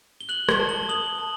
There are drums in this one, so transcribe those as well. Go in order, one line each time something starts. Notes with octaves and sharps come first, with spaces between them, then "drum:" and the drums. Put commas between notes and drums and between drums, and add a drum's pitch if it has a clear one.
G7
F#6 F#7
G7, drum: rim click
A5
G7
D#6 F#7
A5